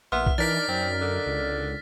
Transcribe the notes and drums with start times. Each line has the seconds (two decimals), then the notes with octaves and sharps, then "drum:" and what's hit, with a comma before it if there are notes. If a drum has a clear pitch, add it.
0.12 A#1 B3 E5 C6 F6
0.26 drum: kick B1
0.38 E3 D4 D#4 A#4 D5 A6 B6
0.68 F#2 C4
1.01 D3
1.26 C#2